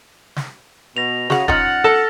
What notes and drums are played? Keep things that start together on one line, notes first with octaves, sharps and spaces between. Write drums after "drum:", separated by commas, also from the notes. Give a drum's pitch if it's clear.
drum: snare
B2 A#6 F7
C#3 F#4 F#5, drum: snare
F3 C#4 D#4 F#5 F6 A6, drum: kick E1
A4 A5 A#6